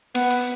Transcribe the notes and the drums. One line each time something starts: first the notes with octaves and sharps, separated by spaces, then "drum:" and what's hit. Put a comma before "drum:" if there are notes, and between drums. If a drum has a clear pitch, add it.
B3, drum: cymbal
drum: cymbal